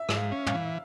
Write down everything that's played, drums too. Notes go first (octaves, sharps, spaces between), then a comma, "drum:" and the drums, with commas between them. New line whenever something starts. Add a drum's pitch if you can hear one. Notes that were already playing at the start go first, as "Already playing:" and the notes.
Already playing: E5
G#2, drum: rim click
F5
C#4
F5, drum: tom
E3